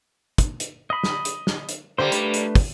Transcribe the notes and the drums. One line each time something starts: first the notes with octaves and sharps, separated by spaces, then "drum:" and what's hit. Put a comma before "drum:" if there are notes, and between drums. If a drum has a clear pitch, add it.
drum: kick, hi-hat
drum: hi-hat
D#5 B5
drum: snare
drum: hi-hat
drum: snare
drum: hi-hat
D3 G3 A#3 C5
A3 D4 B4, drum: hi-hat
drum: hi-hat
drum: kick, open hi-hat